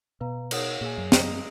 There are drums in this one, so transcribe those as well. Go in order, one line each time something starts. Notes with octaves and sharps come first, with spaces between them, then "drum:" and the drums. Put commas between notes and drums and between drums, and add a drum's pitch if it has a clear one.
B2 B4 F5 A#5
D#4 F#4 A#4 C#5 F#5, drum: cymbal
A#2 G#4 C#5 G#5
F#2
G#4 D#5 A#5, drum: snare